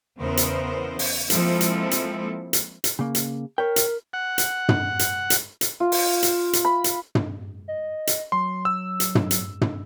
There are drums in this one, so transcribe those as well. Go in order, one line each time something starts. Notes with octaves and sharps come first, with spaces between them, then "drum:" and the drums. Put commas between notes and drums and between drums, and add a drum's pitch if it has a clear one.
E2 C#3 B3 A#4 C5
drum: hi-hat
drum: open hi-hat
F3 G#3 A#3 C4 E4 A4, drum: hi-hat
drum: hi-hat
drum: hi-hat
drum: hi-hat
drum: hi-hat
C#3 A#3
drum: hi-hat
A#4 C#5 G5
drum: hi-hat
F#5
drum: hi-hat
drum: tom
drum: hi-hat
drum: hi-hat
drum: hi-hat
F4
drum: open hi-hat
drum: hi-hat
drum: hi-hat
B5
drum: hi-hat
drum: tom
D#5
drum: hi-hat
F#3 C6
E6
drum: hi-hat
drum: tom
drum: hi-hat
drum: tom